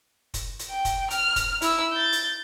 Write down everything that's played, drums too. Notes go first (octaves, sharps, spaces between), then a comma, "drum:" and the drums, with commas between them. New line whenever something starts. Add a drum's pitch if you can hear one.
drum: kick, hi-hat
drum: hi-hat
G5
drum: kick, hi-hat
F6, drum: hi-hat
drum: kick, hi-hat
E4 E6, drum: hi-hat
G6 A6
drum: hi-hat